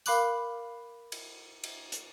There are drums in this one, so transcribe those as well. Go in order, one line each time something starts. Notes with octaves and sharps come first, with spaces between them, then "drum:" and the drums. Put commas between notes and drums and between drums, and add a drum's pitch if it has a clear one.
A#4 F5 B5 D6 F#6 F#7, drum: tambourine
drum: cymbal
drum: cymbal
drum: hi-hat